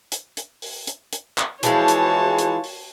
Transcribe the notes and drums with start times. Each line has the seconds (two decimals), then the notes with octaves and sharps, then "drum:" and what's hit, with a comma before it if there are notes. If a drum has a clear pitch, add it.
0.12 drum: hi-hat
0.37 drum: hi-hat
0.62 drum: open hi-hat
0.87 drum: hi-hat
1.13 drum: hi-hat
1.38 drum: clap
1.63 E3 F3 G#3 E4 F#4 G#4 C#5 A5, drum: hi-hat
1.88 drum: hi-hat
2.39 drum: hi-hat
2.64 drum: open hi-hat